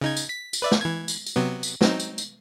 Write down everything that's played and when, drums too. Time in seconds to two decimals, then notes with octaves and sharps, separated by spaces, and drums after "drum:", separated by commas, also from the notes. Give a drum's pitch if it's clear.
0.01 C#3 D#4 G#6
0.17 drum: tambourine
0.29 B6
0.53 drum: tambourine
0.62 B4 D5 E5
0.71 drum: snare
0.81 E3 G#6
1.08 drum: tambourine
1.26 drum: tambourine
1.36 C3 F#3 B3
1.63 drum: tambourine
1.81 F#3 C4 D#4, drum: snare
2.00 drum: tambourine
2.18 drum: tambourine